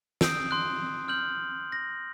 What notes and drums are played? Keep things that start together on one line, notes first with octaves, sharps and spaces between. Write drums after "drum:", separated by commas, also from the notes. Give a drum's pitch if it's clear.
D#6 E6 G6 C7 D7, drum: snare
C6 F#6
F6 G6 F#7
A#6